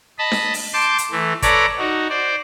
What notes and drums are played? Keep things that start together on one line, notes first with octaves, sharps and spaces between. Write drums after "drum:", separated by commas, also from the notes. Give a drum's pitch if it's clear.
D#5 A5 B5
drum: snare D4
drum: open hi-hat
A5 C6 D6 G6
drum: hi-hat
E3 A3
A4 B4 C#5 D5 A#5 D6, drum: kick, hi-hat
D#4 F#4
C5 D5